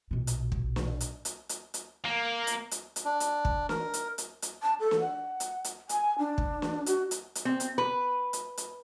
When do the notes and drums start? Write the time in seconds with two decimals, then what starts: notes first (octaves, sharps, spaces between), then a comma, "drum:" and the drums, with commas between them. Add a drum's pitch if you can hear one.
0.11 B1 A#2
0.27 drum: hi-hat
0.52 drum: kick
0.76 drum: snare
1.00 drum: hi-hat
1.25 drum: hi-hat
1.49 drum: hi-hat
1.74 drum: hi-hat
2.05 A#3
2.47 drum: hi-hat
2.71 drum: hi-hat
2.96 drum: hi-hat
3.05 D4
3.20 drum: hi-hat
3.45 drum: kick
3.69 A#4, drum: snare
3.94 drum: hi-hat
4.18 drum: hi-hat
4.42 drum: hi-hat
4.63 A5
4.80 A4
4.91 drum: snare
5.00 F#5
5.40 drum: hi-hat
5.64 drum: hi-hat
5.89 G#5, drum: hi-hat
6.19 D4
6.38 drum: kick
6.62 drum: snare
6.86 F#4, drum: hi-hat
7.11 drum: hi-hat
7.35 drum: hi-hat
7.45 C4
7.60 drum: hi-hat
7.78 B4
8.33 drum: hi-hat
8.58 drum: hi-hat